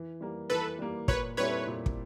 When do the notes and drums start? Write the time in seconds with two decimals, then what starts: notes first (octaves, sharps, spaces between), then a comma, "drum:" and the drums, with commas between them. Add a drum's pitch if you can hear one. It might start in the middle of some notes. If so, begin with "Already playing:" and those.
Already playing: E3
0.21 G3 A#3
0.50 E3 A4 B4
0.79 G3 A#3
1.08 A#2 B4 C#5, drum: kick
1.37 G3 C4 E4 A4 B4 C#5
1.67 A#2
1.86 drum: kick